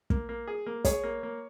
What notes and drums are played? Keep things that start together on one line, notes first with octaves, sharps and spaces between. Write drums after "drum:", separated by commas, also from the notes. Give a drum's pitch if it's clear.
A#3, drum: kick
A#3
G#4
A#3
G#4 C#5, drum: kick, hi-hat
A#3
A#3